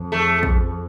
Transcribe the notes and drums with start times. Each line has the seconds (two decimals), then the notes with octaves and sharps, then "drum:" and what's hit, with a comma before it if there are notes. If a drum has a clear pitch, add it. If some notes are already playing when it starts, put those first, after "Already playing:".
Already playing: F2
0.12 A3
0.43 drum: kick